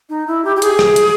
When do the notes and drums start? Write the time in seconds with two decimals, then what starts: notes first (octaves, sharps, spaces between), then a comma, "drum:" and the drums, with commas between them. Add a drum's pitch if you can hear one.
0.09 D#4
0.27 E4
0.44 G4
0.56 G4
0.62 G#4, drum: hi-hat
0.79 drum: rim click
0.96 drum: hi-hat